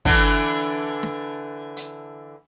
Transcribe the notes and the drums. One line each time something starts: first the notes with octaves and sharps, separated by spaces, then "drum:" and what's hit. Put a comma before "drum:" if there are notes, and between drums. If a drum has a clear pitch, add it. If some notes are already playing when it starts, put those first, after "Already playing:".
D3 E3 D4, drum: kick
drum: snare
drum: hi-hat